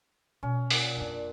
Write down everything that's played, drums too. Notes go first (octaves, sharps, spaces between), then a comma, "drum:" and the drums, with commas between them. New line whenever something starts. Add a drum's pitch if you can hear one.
B2 C#4
A#2 F#5, drum: open hi-hat
F2 B3 D4